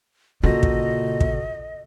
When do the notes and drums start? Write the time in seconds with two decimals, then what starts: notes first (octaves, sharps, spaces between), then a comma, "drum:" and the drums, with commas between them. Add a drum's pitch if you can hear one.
0.43 A#2 C#3 F#4 A4 D#5 A#6
0.63 drum: kick
1.21 drum: kick